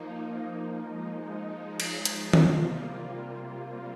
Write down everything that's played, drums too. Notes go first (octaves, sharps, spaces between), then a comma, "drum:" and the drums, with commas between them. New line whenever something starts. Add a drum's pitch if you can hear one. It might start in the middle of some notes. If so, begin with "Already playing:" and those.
Already playing: F3 A#3 D#4
F3 G#3 D#4
drum: cymbal
drum: hi-hat
C3 G3 A#3 F4, drum: tom D#3